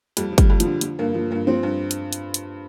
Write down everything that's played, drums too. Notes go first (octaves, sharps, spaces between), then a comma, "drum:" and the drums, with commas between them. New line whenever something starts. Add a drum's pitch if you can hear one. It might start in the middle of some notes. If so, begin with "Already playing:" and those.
F2 G3, drum: hi-hat
F3
G3, drum: kick, hi-hat
F2
F3, drum: hi-hat
D3
F3, drum: hi-hat
G2 A#3
F3
G2 A#3
F3 C4
G2
drum: hi-hat
drum: hi-hat
drum: hi-hat